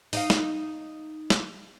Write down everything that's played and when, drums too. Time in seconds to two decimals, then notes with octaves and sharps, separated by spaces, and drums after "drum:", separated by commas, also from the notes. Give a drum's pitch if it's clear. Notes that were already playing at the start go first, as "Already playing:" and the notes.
0.13 D#4 D#5 F5, drum: open hi-hat
0.30 drum: snare
1.30 drum: snare